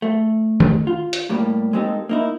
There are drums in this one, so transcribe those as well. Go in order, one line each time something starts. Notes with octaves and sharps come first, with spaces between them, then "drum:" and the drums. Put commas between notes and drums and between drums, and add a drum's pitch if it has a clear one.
A3
drum: tom D#3
F4
drum: hi-hat
A2 G3 A#3
G#3 A#3 C4 D#4 G4 A4
A#3 D#4 E4